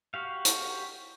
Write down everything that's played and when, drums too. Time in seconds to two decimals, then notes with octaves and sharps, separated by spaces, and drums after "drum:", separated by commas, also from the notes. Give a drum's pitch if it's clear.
0.14 F#4 G4 F5
0.45 drum: hi-hat